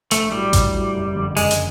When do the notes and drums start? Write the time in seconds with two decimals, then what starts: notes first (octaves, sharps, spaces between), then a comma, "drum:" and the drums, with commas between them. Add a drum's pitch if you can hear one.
0.11 A#1 A3, drum: hi-hat
0.31 A2 F#3 G3
0.53 A#1, drum: kick A1, hi-hat
0.74 A2 F#3
0.95 F#1
1.15 F2 D3
1.37 F#1 G#3, drum: open hi-hat
1.51 drum: hi-hat